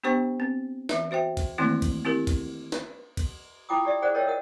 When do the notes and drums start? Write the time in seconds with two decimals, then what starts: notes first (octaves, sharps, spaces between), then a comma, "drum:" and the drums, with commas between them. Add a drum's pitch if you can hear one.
0.03 B3 D4 G4 C5 G5 C#6
0.40 C4
0.89 E3 E5, drum: snare
1.11 F#4 C5 E5 G5
1.37 drum: kick, cymbal
1.58 D#3 E3 A3 A#3 C4 E4
1.82 drum: kick, cymbal
2.05 C4 E4 G4 A#4
2.27 drum: kick, cymbal
2.72 drum: snare
3.17 drum: kick, cymbal
3.69 E4 F4 G5 D6 D#6
3.85 G4 D5 E5
4.02 G#4 C5 D5 F#5
4.14 A#4 C#5 D#5 G5 E6
4.27 A#4 E5 F#5